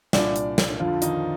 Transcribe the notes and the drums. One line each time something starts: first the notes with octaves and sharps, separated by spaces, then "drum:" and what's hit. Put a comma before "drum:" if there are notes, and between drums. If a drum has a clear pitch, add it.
C2 A#2 D4 D5, drum: snare
drum: hi-hat
drum: snare
F2 D3 F3 F4
D#3 D#4, drum: hi-hat